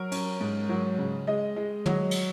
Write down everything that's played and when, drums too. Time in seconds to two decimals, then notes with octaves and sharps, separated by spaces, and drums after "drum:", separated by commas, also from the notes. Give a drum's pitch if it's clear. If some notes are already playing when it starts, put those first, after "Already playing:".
Already playing: F#3 A#4
0.12 C#4, drum: cymbal
0.41 G#2
0.69 F#3
0.98 C#3
1.27 G#3 D#5
1.56 G#3
1.86 F#3, drum: tom
2.11 drum: cymbal